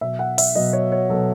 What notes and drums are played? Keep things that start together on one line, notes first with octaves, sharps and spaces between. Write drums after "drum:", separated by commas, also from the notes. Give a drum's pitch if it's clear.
B2 F#3 E5
F#5
E5, drum: open hi-hat
B2 F#3 D#5
C#5
C#5
B2 F#3 A4